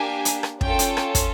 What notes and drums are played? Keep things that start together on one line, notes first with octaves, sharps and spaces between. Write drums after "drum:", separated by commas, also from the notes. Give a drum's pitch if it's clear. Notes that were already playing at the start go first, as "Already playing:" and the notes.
Already playing: A#3 D4 G4 G#5
drum: hi-hat
drum: rim click
C#4 F4 A4 G5, drum: kick
drum: hi-hat
drum: rim click
drum: kick, hi-hat